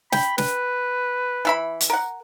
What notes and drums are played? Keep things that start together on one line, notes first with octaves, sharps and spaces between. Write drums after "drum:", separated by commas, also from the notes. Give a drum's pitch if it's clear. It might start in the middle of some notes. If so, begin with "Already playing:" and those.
G5 B5, drum: snare
B4, drum: snare
E3 E5 B5
drum: hi-hat
A#4 F#5